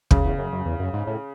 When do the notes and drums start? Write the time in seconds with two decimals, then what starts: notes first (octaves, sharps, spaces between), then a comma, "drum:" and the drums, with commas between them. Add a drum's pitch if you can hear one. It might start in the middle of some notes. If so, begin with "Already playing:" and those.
0.11 F#2 C#3, drum: kick
0.25 E2
0.39 F#2
0.52 F#2
0.65 E2
0.79 F#2
0.93 G#2
1.07 A2